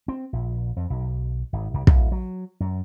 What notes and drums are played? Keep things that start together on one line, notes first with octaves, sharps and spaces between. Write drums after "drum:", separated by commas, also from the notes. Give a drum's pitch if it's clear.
C4
A#1
F2
B1
G#1
C2
D1, drum: kick
F#3
F#2